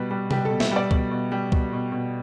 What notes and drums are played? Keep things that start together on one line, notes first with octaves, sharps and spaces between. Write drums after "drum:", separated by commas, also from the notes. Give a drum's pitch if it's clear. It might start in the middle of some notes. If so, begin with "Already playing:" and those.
Already playing: B2 G3 B4
G3
G3 G4, drum: tom C3
B2 A4
E5, drum: snare
G3
D5
B2, drum: kick C#2
B2
G3
B2, drum: kick C#2
B2
B2